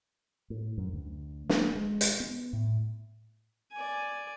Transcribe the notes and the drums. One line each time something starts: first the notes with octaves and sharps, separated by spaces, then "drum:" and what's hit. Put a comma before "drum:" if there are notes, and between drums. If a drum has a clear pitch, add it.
A2
F#2
D2
A#3, drum: snare
G#3
drum: hi-hat
B3
A2
D5 G#5